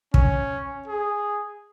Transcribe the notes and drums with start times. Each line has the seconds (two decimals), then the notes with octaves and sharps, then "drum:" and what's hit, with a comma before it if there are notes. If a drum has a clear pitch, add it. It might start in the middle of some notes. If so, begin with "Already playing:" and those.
0.14 C#4, drum: kick
0.88 G#4